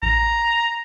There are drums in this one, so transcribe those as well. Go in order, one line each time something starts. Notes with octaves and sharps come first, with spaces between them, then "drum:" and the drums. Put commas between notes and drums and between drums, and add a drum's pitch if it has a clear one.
A#5, drum: kick A1